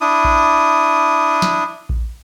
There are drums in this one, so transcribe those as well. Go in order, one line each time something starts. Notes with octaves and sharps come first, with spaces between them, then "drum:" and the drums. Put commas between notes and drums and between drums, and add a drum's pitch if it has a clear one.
D4 E4 D#6
drum: kick A1
drum: snare
drum: kick A1